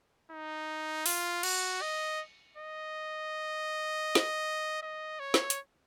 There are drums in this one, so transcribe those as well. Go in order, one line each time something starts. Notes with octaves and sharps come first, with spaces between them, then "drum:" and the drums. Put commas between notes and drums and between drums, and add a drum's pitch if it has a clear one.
D#4
F4, drum: open hi-hat
F#4, drum: cymbal
D#5
D#5
drum: snare
D#5
C#5
drum: snare
drum: hi-hat